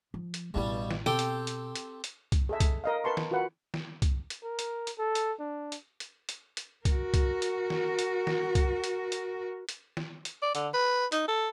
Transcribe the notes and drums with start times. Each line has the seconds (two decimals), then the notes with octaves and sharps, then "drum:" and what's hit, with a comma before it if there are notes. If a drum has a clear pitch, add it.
0.14 F3
0.34 drum: hi-hat
0.54 A1 G2 B2 G3 E4
0.91 drum: snare
1.06 B2 C4 G4 A4 G5
1.19 drum: hi-hat
1.47 drum: hi-hat
1.75 drum: hi-hat
2.04 drum: hi-hat
2.32 drum: kick C2, hi-hat
2.49 G#4 A4 E5
2.60 drum: kick C2, hi-hat
2.84 A#4 D#5 F5
3.04 A#4 B4 A5 C6 C#6
3.17 drum: snare
3.31 F4 F#4 A#4 B4 F#5
3.74 drum: snare
4.02 drum: kick C2, hi-hat
4.30 drum: hi-hat
4.44 A#4
4.59 drum: hi-hat
4.87 drum: hi-hat
4.98 A4
5.15 drum: hi-hat
5.40 D4
5.72 drum: hi-hat
6.00 drum: hi-hat
6.29 drum: hi-hat
6.57 drum: hi-hat
6.85 F#4 A#4, drum: kick C2, hi-hat
7.14 drum: kick C2, hi-hat
7.42 drum: hi-hat
7.70 drum: snare
7.99 drum: hi-hat
8.27 drum: snare
8.55 drum: kick C2, hi-hat
8.84 drum: hi-hat
9.12 drum: hi-hat
9.69 drum: hi-hat
9.97 drum: snare
10.25 drum: hi-hat
10.42 D5
10.55 D3, drum: hi-hat
10.74 B4
11.12 D#4, drum: hi-hat
11.28 A4